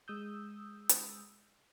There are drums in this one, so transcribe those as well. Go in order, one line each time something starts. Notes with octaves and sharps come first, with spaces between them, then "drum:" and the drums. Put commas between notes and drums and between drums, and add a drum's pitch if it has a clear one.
G#3 D#6 E6 G6
drum: hi-hat